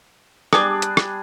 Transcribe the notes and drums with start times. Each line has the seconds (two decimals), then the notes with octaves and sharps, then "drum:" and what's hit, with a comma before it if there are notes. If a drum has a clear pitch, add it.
0.53 G3 D4 G#4 D6 D#6, drum: rim click
0.82 drum: hi-hat
0.97 drum: rim click